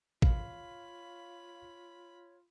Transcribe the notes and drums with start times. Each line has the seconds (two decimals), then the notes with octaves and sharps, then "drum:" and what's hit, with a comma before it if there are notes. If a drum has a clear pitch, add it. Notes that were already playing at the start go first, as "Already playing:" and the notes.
0.22 F4 C#5 F5 B5, drum: kick